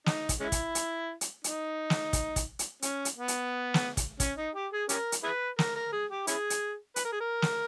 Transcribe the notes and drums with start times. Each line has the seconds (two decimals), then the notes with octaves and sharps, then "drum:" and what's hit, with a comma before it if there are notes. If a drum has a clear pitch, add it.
0.06 D#4, drum: snare
0.29 drum: kick, hi-hat
0.40 G#3 C#4 E4
0.52 drum: kick, hi-hat
0.75 drum: hi-hat
1.21 drum: hi-hat
1.44 D#4, drum: hi-hat
1.90 drum: snare
2.13 drum: kick, hi-hat
2.36 drum: kick, hi-hat
2.59 drum: hi-hat
2.82 C#4, drum: hi-hat
3.05 drum: hi-hat
3.16 B3
3.28 drum: hi-hat
3.74 drum: snare
3.97 drum: kick, hi-hat
4.20 C#4, drum: kick, hi-hat
4.38 D#4
4.55 G4
4.72 G#4
4.89 C#4 G4 A#4, drum: hi-hat
5.12 drum: hi-hat
5.24 E4 G#4 B4
5.59 A#4, drum: snare
5.76 A#4
5.93 G#4
6.11 G4
6.27 C#4 E4 G#4, drum: hi-hat
6.50 drum: hi-hat
6.96 B4, drum: hi-hat
7.05 A#4
7.12 G#4
7.20 A#4
7.42 drum: snare